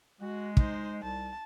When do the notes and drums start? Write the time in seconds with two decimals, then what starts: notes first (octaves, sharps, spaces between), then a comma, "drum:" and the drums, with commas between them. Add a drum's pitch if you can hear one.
0.21 G#3 F#4
0.57 D#4 C5, drum: kick
1.03 C2 A5